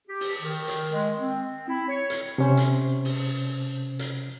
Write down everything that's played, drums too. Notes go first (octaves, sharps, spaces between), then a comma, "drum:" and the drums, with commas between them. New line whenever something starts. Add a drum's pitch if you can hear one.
G4
drum: open hi-hat
D#3
drum: hi-hat
G#3
C4
E4
C#5
drum: hi-hat
C3 C#4 C5
drum: hi-hat
drum: open hi-hat
drum: hi-hat